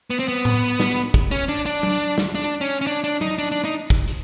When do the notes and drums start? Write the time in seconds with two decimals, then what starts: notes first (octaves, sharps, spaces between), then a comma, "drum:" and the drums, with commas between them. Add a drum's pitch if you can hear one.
0.10 B3
0.19 C4
0.28 B3, drum: hi-hat
0.45 drum: tom A2
0.62 drum: hi-hat
0.80 drum: snare
0.97 drum: hi-hat
1.14 drum: kick, hi-hat
1.31 C#4, drum: hi-hat
1.49 D4, drum: hi-hat
1.66 D4, drum: hi-hat
1.83 drum: tom F#3
2.18 drum: snare
2.35 D4, drum: hi-hat
2.61 C#4
2.81 C#4
2.87 D4
3.04 D4, drum: hi-hat
3.21 D#4, drum: tom F#3
3.38 D4, drum: hi-hat
3.52 D4
3.65 D#4
3.90 drum: kick
4.08 drum: hi-hat